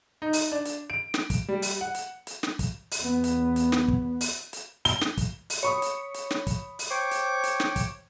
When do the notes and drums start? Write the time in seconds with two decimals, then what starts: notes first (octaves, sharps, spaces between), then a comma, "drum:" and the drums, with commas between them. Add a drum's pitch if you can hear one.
0.22 D#4
0.33 drum: open hi-hat
0.52 D4
0.65 drum: hi-hat
0.90 D7
1.14 drum: snare
1.30 drum: kick, hi-hat
1.48 G3
1.62 drum: open hi-hat
1.81 F#5
1.95 drum: hi-hat
2.27 drum: hi-hat
2.43 drum: snare
2.59 drum: kick, hi-hat
2.91 drum: open hi-hat
3.03 E2 B3
3.24 drum: hi-hat
3.56 drum: hi-hat
3.72 drum: snare
3.88 drum: kick
4.21 drum: open hi-hat
4.53 drum: hi-hat
4.85 G7, drum: hi-hat
5.01 drum: snare
5.17 drum: kick, hi-hat
5.50 drum: open hi-hat
5.63 C#5 B5 C#6 D#6
5.82 drum: hi-hat
6.14 drum: hi-hat
6.31 drum: snare
6.47 drum: kick, hi-hat
6.79 drum: open hi-hat
6.90 C5 C#5 G5 D6
7.11 drum: hi-hat
7.44 drum: hi-hat
7.60 drum: snare
7.76 drum: kick, hi-hat